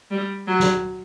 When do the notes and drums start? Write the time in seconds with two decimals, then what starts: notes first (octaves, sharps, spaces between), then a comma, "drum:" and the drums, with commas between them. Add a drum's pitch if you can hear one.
0.11 G3
0.48 F#3
0.60 drum: snare